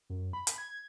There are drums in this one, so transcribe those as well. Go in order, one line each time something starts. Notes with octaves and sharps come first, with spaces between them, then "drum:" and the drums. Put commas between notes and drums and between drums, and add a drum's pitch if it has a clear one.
F#2
B5
drum: hi-hat
G#6